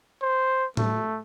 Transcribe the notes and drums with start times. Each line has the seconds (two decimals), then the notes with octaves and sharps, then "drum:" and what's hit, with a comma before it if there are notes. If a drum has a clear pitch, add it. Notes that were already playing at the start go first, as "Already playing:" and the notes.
0.22 C5
0.77 A3, drum: tom A2